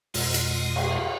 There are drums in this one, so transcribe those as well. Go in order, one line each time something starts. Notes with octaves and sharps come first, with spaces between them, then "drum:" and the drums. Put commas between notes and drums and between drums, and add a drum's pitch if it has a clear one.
F2 B2 G#3 F4 D#5 F#5, drum: open hi-hat
drum: hi-hat
drum: cymbal